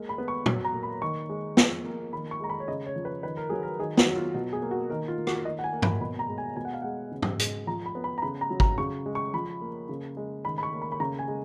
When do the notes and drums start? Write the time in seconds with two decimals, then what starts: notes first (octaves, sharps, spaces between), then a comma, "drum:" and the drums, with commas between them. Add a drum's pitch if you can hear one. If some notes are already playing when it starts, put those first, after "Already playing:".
Already playing: G#3 A#3
0.09 B5
0.18 B3
0.28 C#6
0.46 F#3, drum: tom
0.65 A#5
0.74 A#3
0.83 B5
1.02 D#3 C#6
1.29 G#3
1.57 F3, drum: snare
1.85 A#3
2.13 D#3 B5
2.31 C#6
2.40 G#3 A#5
2.49 B5
2.60 C#5
2.68 C#3 D#5
2.87 C#5
2.96 F3
3.05 B4
3.23 D#3 B4
3.37 A#4
3.50 F#3 G#4
3.63 A#4
3.79 D#3 G#4
3.97 F#4, drum: snare
4.06 F#3
4.16 F4
4.34 B2 F#4
4.53 G#4
4.62 A#3
4.71 F#4
4.90 D#3 A#4
5.08 F4
5.18 A#3
5.27 F#4, drum: rim click
5.45 D#3 D#5
5.59 F#5
5.64 G#5
5.73 A#3
5.82 B5, drum: tom G2
6.01 B2 B5
6.19 A#5
6.28 G#3
6.38 G#5
6.56 B2 G#5
6.65 F#5
6.73 F5
6.82 G#3 F#5
7.12 C#3
7.22 drum: tom
7.39 G#3, drum: hi-hat
7.67 F3 A#5
7.86 B5
7.95 B3
8.04 B5
8.18 A#5
8.22 C#3 B5
8.41 A#5
8.51 F#3
8.60 A#5, drum: kick
8.78 C#3 C#6
9.06 G#3
9.15 C#6
9.34 F3 B5
9.61 A#3
9.89 C#3
10.17 G#3
10.45 D#3 B5
10.58 B5
10.63 C#6
10.73 A#3
10.82 B5
10.92 B5
11.00 C#3 A#5
11.19 G#5
11.28 G#3